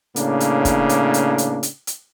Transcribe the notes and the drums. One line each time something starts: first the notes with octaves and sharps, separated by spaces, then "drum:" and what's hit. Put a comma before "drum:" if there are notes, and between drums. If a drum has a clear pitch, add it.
A2 C#3 A#3 D4, drum: hi-hat
drum: hi-hat
drum: kick, hi-hat
drum: hi-hat
drum: hi-hat
drum: hi-hat
drum: hi-hat
drum: hi-hat